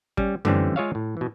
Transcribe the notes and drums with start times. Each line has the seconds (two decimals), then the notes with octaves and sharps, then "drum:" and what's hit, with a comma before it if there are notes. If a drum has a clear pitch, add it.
0.17 G3 C#4, drum: kick
0.45 D3 E3 G3 A3 C4 C#4, drum: tom F#2
0.76 G#3 F4 G#4 C#5 E5 F5
0.95 A2
1.17 B2 E3